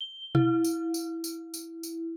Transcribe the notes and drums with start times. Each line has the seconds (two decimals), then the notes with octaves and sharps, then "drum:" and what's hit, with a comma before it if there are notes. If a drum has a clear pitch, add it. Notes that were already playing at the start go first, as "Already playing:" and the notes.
0.01 G7
0.35 E4, drum: tom B2
0.64 drum: tambourine
0.94 drum: tambourine
1.24 drum: tambourine
1.54 drum: tambourine
1.83 drum: tambourine